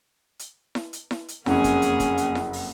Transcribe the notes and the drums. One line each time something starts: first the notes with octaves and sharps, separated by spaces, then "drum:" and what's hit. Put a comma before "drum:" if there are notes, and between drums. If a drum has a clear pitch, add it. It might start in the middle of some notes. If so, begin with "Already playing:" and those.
drum: hi-hat
drum: snare E4
drum: hi-hat
drum: snare E4
drum: hi-hat
F#1 F2 A#3 C#4 G#4 F#5, drum: snare E4
drum: kick, hi-hat
drum: hi-hat
drum: kick, hi-hat
drum: hi-hat
drum: snare E4
drum: open hi-hat